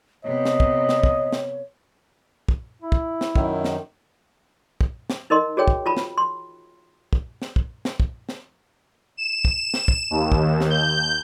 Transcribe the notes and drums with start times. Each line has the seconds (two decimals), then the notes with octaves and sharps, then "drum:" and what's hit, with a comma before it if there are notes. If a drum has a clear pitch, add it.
0.24 C3 B3 C#5 D#5
0.45 drum: snare
0.60 drum: kick
0.89 drum: snare
1.03 drum: kick
1.32 drum: snare
2.49 drum: kick
2.82 E4
2.92 drum: kick
3.21 drum: snare
3.36 F#2 D#3, drum: kick
3.65 drum: snare
4.81 drum: kick
5.10 drum: snare
5.30 D#4 A#4 D#5 C6
5.57 F#4 G#4 C#5 G5
5.68 drum: kick
5.86 F4 A5 B5
5.97 drum: snare
6.18 C6
7.13 drum: kick
7.42 drum: snare
7.56 drum: kick
7.85 drum: snare
8.00 drum: kick
8.29 drum: snare
9.17 E7
9.45 drum: kick
9.74 drum: snare
9.88 drum: kick
10.11 D#2
10.32 drum: kick
10.61 drum: snare
10.70 G6